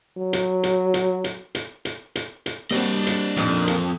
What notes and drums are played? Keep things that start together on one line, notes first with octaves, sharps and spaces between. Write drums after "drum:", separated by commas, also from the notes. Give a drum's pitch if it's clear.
F#3
drum: hi-hat
drum: hi-hat
drum: hi-hat
drum: hi-hat
drum: hi-hat
drum: hi-hat
drum: hi-hat
drum: hi-hat
G3 A#3 C4 D4 F#4 D#5
drum: hi-hat
F2 A#2 D#3, drum: hi-hat
drum: hi-hat